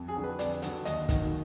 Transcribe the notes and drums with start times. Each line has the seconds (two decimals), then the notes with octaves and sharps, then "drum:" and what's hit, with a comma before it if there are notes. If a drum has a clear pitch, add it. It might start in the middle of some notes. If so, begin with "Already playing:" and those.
Already playing: F2
0.08 G#4
0.16 D3 F#3
0.24 B4
0.39 F2 D5, drum: hi-hat
0.62 D3 F#3, drum: hi-hat
0.85 D#2 D#5, drum: hi-hat
1.09 D#3 F#3, drum: kick, hi-hat